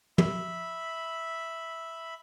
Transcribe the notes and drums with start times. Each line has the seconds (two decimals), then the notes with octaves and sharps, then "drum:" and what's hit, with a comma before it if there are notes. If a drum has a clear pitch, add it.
0.18 E5 B5, drum: tom